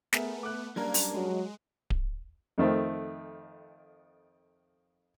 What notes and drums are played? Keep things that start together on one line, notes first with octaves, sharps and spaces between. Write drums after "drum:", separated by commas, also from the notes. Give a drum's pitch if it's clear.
A3 B3 G#4 A#4 E5, drum: snare
D6 F#6
F#2 G3 A#3 D4 A#4 A#5 G#6
drum: open hi-hat
F#3 G#3
drum: kick D1
F2 D#3 A3 C4